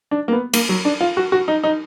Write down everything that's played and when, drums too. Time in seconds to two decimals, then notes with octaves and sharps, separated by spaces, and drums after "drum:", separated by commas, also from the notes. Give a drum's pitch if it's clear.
0.11 D4
0.28 A#3
0.32 B3
0.53 A#3, drum: cymbal
0.69 F#3
0.85 D4
1.01 F4
1.17 F#4
1.32 F#4
1.48 D#4
1.64 D#4